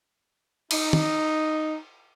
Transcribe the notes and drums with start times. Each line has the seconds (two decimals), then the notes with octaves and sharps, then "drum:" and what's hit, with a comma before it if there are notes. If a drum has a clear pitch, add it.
0.71 D#4, drum: cymbal
0.93 drum: tom